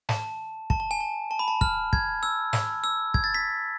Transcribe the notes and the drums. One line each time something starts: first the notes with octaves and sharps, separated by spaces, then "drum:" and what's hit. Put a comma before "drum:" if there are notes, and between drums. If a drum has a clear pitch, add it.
A5, drum: snare
A5, drum: kick
A5
G#5
A5
A5
B5
A5
F6, drum: kick
G#6, drum: kick
E6
E6, drum: snare
E6
G#6, drum: kick
A6
B6